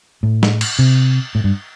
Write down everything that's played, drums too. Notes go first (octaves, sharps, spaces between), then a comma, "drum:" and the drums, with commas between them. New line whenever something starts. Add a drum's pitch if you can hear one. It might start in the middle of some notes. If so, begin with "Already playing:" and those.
A2
drum: snare
drum: cymbal
C3
A2
G2